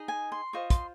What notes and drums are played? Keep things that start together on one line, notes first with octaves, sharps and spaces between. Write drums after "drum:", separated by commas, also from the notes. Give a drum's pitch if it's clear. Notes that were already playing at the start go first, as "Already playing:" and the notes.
Already playing: D#4 G#4 D#5
G#5
C6
F4 C5 D#5 C#6
C6, drum: kick, hi-hat